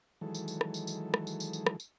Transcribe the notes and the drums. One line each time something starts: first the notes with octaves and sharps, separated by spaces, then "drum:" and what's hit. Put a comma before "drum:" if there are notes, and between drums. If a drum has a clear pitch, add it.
D#3 E3 F#3 G#3 A4
drum: tambourine
drum: tambourine
drum: rim click
drum: tambourine
drum: tambourine
drum: rim click
drum: tambourine
drum: tambourine
drum: tambourine
drum: rim click
drum: tambourine